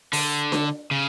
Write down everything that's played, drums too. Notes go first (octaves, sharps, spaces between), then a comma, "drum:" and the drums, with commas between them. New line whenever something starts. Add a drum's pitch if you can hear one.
D3, drum: open hi-hat
drum: snare D4
C#3